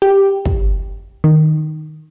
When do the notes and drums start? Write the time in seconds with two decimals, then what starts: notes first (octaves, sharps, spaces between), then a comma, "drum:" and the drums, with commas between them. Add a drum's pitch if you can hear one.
0.02 G4
0.45 drum: kick
1.24 D#3